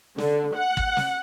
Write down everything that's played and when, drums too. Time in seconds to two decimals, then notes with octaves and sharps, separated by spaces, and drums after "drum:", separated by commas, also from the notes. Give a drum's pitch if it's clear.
0.18 D3, drum: snare
0.57 F#5
0.77 drum: kick
0.97 drum: snare